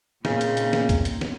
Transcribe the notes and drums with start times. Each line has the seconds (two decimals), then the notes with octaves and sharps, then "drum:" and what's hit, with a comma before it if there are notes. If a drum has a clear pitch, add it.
0.25 A#2 C#3 C4 D#4, drum: snare
0.41 drum: hi-hat
0.57 drum: hi-hat
0.73 drum: snare
0.89 drum: kick C2, hi-hat
1.05 drum: hi-hat
1.21 drum: snare